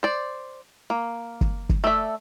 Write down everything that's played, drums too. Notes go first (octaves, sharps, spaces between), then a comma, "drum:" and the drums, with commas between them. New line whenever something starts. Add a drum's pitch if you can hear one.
C5 D5
A#3
drum: kick
drum: kick
A3 D5 E5